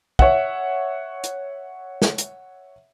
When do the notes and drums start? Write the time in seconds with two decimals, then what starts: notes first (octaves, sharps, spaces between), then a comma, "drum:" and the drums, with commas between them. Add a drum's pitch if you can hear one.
0.19 C#5 E5 F#5, drum: kick
1.24 drum: hi-hat
2.02 drum: snare
2.18 drum: hi-hat